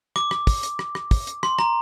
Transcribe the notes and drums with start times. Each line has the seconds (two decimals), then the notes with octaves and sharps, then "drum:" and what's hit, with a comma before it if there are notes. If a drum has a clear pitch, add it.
0.16 D6, drum: rim click
0.31 drum: rim click
0.47 drum: kick, open hi-hat
0.63 drum: hi-hat
0.79 drum: rim click
0.95 drum: rim click
1.11 drum: kick, open hi-hat
1.27 drum: hi-hat
1.43 C6, drum: rim click
1.59 A#5, drum: rim click